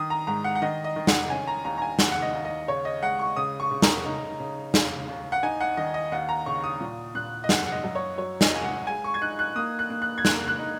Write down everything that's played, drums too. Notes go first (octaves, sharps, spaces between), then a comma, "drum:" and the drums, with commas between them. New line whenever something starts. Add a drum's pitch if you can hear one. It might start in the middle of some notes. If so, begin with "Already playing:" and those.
Already playing: D#3 D#6
A#5
G#2 A#5
F#5
F#5
D#3 D#5
D#5
D#3
F#5, drum: snare
C#4 G#5
A#5
D#2 A#5
A#5
G#5
D#3 F#5, drum: snare
F#5
D#5
D#2
D#5
C#3 C#5
D#5
G#3 F#5
C#6
C#3 D#6
C#6
C#3
A#5, drum: snare
D#4
C#3
D#2, drum: snare
D#2
F#5
D#4 G#5
F#5
D#3 D#5
D#5
D#2 F#5
A#5
C#3 C#6
D#6
A#2
A#2 F#6
D#5
F#2 F#5, drum: snare
F#5
D#5
F#2
C#5
F#3 C#5
D#5, drum: snare
C#2 G#5
F#5
G#3 G#5
C#6
G#6
D#4 F#6
F#6
A#3 D#6
F#6
A#3
F#6
G#6
A#3 F#6, drum: snare
F#6
D#4